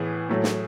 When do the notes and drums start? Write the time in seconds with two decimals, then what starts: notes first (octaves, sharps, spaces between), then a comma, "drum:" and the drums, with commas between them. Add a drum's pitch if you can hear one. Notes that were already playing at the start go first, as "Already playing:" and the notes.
Already playing: A2 E3 B3 G#4
0.29 A2 F#3 A3
0.44 drum: snare